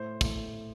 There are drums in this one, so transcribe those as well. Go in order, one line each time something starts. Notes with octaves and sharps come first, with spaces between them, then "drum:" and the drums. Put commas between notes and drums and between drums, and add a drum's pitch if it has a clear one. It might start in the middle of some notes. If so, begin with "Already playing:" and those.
Already playing: A2 C5
A2, drum: kick, tambourine